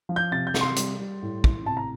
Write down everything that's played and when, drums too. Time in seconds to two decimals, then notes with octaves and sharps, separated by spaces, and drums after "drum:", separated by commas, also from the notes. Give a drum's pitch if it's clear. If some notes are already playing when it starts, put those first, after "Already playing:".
0.09 F3
0.16 G6
0.31 C3 A6
0.47 G6
0.54 C3, drum: snare
0.61 C6
0.76 G3, drum: hi-hat
0.99 G3
1.22 A2
1.44 A2, drum: kick
1.66 C3 A5
1.77 A#5